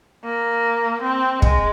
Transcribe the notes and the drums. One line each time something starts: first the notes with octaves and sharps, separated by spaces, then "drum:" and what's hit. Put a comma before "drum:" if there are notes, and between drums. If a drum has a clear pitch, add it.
A#3
C4
G#3, drum: kick